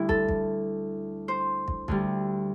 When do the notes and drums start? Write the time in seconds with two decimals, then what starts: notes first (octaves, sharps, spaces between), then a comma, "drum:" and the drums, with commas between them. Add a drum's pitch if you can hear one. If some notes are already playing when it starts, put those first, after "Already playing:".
Already playing: D2 D3 G3 E4
0.09 A4, drum: kick
0.29 drum: kick
1.28 C5
1.68 drum: kick
1.88 D2 D3 G3, drum: kick